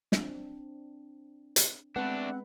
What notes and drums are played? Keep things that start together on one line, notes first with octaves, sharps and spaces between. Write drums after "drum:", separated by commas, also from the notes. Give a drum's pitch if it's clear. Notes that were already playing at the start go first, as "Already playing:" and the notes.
C4 D4, drum: snare
drum: hi-hat
G#3 A3 B3 C4 D4 B4 F#5